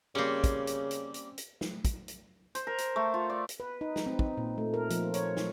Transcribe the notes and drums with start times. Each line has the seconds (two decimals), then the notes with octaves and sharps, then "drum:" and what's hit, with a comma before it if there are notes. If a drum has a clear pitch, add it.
0.15 C#3 G3 A#3 C4 C#4
0.44 drum: kick, hi-hat
0.67 drum: hi-hat
0.91 drum: hi-hat
1.14 drum: hi-hat
1.38 drum: hi-hat
1.61 drum: snare
1.85 drum: kick, hi-hat
2.08 drum: hi-hat
2.55 C5, drum: hi-hat
2.67 A#4
2.78 drum: hi-hat
2.96 A3
3.14 F4
3.30 D5
3.49 drum: hi-hat
3.60 B4
3.81 D#4
3.96 drum: snare
4.06 C4
4.19 D#4, drum: kick
4.37 A#2
4.58 A3
4.74 A#4
4.90 F3, drum: hi-hat
5.14 C#5, drum: hi-hat
5.37 drum: snare